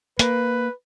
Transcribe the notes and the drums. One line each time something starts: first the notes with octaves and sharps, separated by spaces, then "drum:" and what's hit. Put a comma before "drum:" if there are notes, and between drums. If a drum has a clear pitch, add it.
A#3 B4, drum: hi-hat